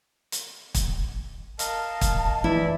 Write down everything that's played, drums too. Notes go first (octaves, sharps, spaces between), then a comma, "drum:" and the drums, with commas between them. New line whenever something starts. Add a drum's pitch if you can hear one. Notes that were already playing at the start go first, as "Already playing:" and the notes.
drum: hi-hat
drum: kick, hi-hat
A#4 D#5 F5 A5, drum: hi-hat
drum: kick, hi-hat
E3 E4 D5 E5